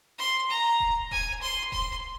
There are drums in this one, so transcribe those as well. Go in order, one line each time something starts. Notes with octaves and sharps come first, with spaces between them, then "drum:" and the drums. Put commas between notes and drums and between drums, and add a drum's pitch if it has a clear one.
C6
A#5
drum: kick D#1
G#5, drum: kick D#1
C6
C6, drum: kick D#1